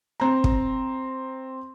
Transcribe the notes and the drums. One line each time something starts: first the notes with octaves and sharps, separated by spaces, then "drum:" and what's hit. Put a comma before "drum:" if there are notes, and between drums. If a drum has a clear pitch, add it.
C4 A#5
drum: kick